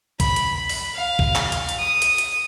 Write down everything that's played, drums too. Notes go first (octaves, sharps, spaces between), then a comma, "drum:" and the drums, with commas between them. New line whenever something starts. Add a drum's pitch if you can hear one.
B5, drum: kick B1, hi-hat
drum: hi-hat
B5
drum: open hi-hat
F5
drum: kick B1
drum: clap
drum: hi-hat
drum: hi-hat
D#6
drum: hi-hat
drum: hi-hat